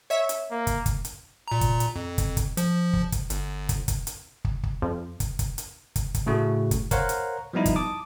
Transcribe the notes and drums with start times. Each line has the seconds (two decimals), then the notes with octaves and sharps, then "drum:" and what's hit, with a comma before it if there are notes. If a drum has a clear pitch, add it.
0.10 C#5 E5
0.29 drum: hi-hat
0.51 A#3
0.67 drum: kick, hi-hat
0.86 drum: kick, hi-hat
1.05 drum: hi-hat
1.48 A#2 A#5
1.61 drum: kick, hi-hat
1.80 drum: hi-hat
1.96 F2
2.18 drum: kick, hi-hat
2.37 drum: kick, hi-hat
2.57 F3, drum: hi-hat
2.93 drum: kick
3.12 drum: kick, hi-hat
3.30 G1, drum: hi-hat
3.69 drum: kick, hi-hat
3.88 drum: kick, hi-hat
4.07 drum: hi-hat
4.45 drum: kick
4.63 drum: kick
4.82 F2
5.20 drum: kick, hi-hat
5.39 drum: kick, hi-hat
5.58 drum: hi-hat
5.96 drum: kick, hi-hat
6.15 drum: kick, hi-hat
6.26 A2 C#3 A3 F#4
6.71 drum: kick, hi-hat
6.91 A#4 C5 C#5 F5 F#5 A#5, drum: kick, hi-hat
7.09 drum: hi-hat
7.53 F3 G3 B3 D#4 E4
7.66 drum: kick, hi-hat
7.76 A5 D6 D#6